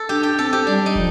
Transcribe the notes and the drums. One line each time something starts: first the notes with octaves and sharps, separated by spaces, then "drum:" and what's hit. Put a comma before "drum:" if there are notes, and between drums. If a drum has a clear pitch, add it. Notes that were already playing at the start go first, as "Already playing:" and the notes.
Already playing: A4
D4 G4
G4
C4 A4
G4
G3 D4
D#4
F3, drum: kick